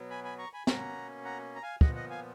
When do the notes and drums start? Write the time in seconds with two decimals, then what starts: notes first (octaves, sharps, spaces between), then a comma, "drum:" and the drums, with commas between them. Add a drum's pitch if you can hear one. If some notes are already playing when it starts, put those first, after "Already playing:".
Already playing: B2 F#3 B3
0.10 G#5 B5
0.24 G#5 B5
0.38 A#5 C#6
0.53 G#5 B5
0.67 B2 A#3 C#4 F#5 A#5, drum: snare
1.24 F#5 A#5
1.55 A#5
1.62 F5 G#5
1.81 A#2 F3 B3 D#5 F#5, drum: kick
1.95 D#5 F#5
2.10 F5 G#5